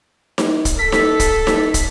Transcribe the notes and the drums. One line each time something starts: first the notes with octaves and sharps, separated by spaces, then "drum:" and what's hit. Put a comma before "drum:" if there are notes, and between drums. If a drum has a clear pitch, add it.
drum: snare D#4
drum: kick, hi-hat
A4 B6
drum: snare D#4
drum: kick, hi-hat
drum: snare D#4
drum: kick, hi-hat